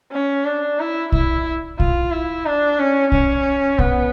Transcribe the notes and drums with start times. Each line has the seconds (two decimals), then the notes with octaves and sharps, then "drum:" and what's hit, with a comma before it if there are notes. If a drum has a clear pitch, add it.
0.12 C#4
0.45 D4
0.80 E4
1.12 E4, drum: kick
1.80 F4, drum: kick
2.12 E4
2.46 D4
2.79 C#4
3.12 C#4, drum: kick
3.79 B3, drum: kick